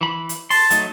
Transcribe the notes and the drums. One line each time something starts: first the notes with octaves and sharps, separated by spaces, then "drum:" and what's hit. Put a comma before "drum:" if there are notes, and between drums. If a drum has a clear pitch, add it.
E3 B5
drum: hi-hat
A5 C6, drum: open hi-hat
F#3 A3 D#4, drum: hi-hat